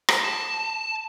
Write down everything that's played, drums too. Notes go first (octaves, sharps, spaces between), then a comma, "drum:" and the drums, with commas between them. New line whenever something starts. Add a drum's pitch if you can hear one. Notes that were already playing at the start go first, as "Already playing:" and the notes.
drum: rim click
A5